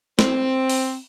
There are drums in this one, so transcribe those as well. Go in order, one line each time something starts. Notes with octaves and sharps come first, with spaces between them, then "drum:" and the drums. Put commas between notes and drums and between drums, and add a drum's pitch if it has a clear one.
C4, drum: snare
drum: open hi-hat